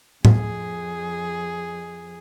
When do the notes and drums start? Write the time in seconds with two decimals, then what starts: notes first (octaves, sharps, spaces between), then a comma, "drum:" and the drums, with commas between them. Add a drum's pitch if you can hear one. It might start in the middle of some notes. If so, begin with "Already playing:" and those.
0.25 F2 G#4, drum: tom A2